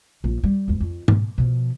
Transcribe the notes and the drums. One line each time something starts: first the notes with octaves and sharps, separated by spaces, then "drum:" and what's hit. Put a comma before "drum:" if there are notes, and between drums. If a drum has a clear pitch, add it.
A#1
G3
G#1 E2
F2
B2, drum: tom G#2
B2 F3